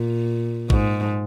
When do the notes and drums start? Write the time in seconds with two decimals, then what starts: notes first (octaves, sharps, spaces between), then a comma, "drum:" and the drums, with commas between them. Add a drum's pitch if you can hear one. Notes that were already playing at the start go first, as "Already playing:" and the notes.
Already playing: A#2
0.70 G#2, drum: kick A1